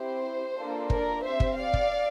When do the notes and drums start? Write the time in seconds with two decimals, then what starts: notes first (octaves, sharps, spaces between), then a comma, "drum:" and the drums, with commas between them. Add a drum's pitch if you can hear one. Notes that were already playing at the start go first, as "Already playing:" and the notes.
Already playing: C4 E4 G4 C5
0.57 A#3 D4 F4 A4
0.90 A#4 D5, drum: kick
1.23 C4 G4 C5 E5
1.40 drum: kick
1.57 D5 F5
1.73 drum: kick